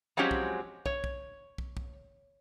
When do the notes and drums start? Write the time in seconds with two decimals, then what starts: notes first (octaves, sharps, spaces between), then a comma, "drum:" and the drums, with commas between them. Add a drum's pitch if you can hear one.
0.17 F3 F#3 G#3 C4 C#4 G4
0.31 drum: kick
0.86 C#5, drum: kick
1.04 drum: kick
1.58 drum: kick
1.77 drum: kick